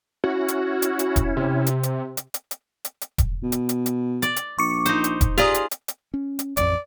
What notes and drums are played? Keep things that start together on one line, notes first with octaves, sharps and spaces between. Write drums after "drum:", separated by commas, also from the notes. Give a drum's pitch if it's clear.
C#4 E4 F#4
drum: hi-hat
drum: hi-hat
drum: hi-hat
drum: kick E1, hi-hat
C3
drum: hi-hat
drum: hi-hat
drum: hi-hat
drum: hi-hat
drum: hi-hat
drum: hi-hat
drum: hi-hat
drum: kick E1, hi-hat
B2
drum: hi-hat
drum: hi-hat
drum: hi-hat
D5, drum: hi-hat
drum: hi-hat
A#1 C#6 D6 C#7
D#4 C5, drum: hi-hat
drum: hi-hat
drum: kick E1, hi-hat
F4 G4 G#4 D5 A#5 D#6, drum: hi-hat
drum: hi-hat
drum: hi-hat
drum: hi-hat
C#4
drum: hi-hat
E1 A1 F2 D5, drum: hi-hat